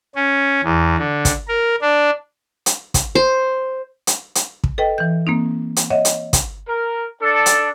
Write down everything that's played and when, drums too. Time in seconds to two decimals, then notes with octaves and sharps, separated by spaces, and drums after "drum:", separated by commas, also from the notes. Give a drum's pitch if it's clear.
0.15 C#4
0.64 E2
0.98 D3
1.25 drum: kick, hi-hat
1.48 A#4
1.81 D4
2.66 drum: hi-hat
2.94 drum: kick, hi-hat
3.15 C5
4.07 drum: hi-hat
4.35 drum: hi-hat
4.64 drum: kick
4.78 A4 B4 D#5 G5
4.98 E3 G6
5.27 A#3 C4 D#4
5.76 drum: hi-hat
5.90 C#5 D#5 E5 F#5
6.05 drum: hi-hat
6.33 drum: kick, hi-hat
6.69 A#4
7.22 D4 A4
7.46 drum: hi-hat